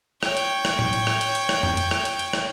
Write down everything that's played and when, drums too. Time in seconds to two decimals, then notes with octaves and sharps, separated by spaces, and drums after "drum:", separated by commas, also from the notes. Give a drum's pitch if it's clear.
0.23 C#5 G5, drum: rim click
0.37 drum: hi-hat
0.65 drum: rim click
0.79 drum: tom A2
0.93 drum: hi-hat
1.07 drum: rim click
1.21 drum: hi-hat
1.35 drum: hi-hat
1.49 drum: rim click
1.63 drum: tom F2
1.77 drum: hi-hat
1.91 drum: rim click
2.05 drum: hi-hat
2.19 drum: hi-hat
2.33 drum: rim click